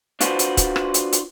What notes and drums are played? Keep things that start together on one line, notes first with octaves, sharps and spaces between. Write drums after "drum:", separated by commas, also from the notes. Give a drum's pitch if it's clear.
D4 F4 F#4 B4 C5, drum: hi-hat
drum: hi-hat
drum: kick, hi-hat
drum: rim click
drum: hi-hat
drum: hi-hat